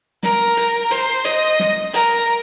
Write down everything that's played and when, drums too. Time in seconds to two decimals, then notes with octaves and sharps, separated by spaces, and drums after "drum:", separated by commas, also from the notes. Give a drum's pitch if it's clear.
0.23 A#4, drum: snare
0.57 drum: hi-hat
0.91 C5, drum: hi-hat
1.25 D#5, drum: hi-hat
1.60 drum: snare
1.94 A#4, drum: hi-hat